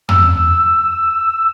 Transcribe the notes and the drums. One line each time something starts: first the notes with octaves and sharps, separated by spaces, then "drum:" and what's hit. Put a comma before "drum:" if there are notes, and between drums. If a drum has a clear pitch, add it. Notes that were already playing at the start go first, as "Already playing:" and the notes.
E6, drum: tom